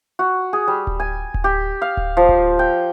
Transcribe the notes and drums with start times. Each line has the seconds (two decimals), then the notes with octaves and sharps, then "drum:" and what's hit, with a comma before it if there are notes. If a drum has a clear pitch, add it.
0.19 F#4
0.53 G#4
0.67 G3
0.87 drum: kick D1
1.00 G#5
1.34 drum: kick D1
1.44 G4
1.82 F5
1.97 drum: kick D1
2.17 F3
2.29 drum: kick D1
2.59 G5